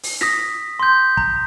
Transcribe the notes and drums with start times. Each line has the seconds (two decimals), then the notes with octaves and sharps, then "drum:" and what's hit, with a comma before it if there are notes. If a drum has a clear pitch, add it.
0.03 drum: open hi-hat
0.21 D#6 A#6 B6, drum: snare
0.79 C6 G6
1.17 A#5, drum: kick